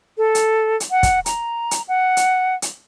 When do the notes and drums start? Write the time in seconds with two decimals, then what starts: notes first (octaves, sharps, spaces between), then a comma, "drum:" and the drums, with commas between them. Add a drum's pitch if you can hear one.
0.18 A4
0.35 drum: hi-hat
0.80 drum: hi-hat
0.91 F#5
1.03 drum: kick, hi-hat
1.26 A#5, drum: hi-hat
1.71 drum: hi-hat
1.88 F#5
2.17 drum: hi-hat
2.62 drum: hi-hat